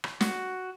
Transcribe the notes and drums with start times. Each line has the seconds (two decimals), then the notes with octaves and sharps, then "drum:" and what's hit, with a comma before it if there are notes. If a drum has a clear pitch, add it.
0.04 drum: rim click
0.21 F#4, drum: snare